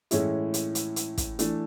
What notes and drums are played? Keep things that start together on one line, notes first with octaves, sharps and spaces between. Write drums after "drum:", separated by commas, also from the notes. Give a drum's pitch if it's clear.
A2 E3 G#3 C#4 E4, drum: hi-hat
drum: hi-hat
drum: hi-hat
drum: hi-hat
drum: kick, hi-hat
E3 A3 D4, drum: hi-hat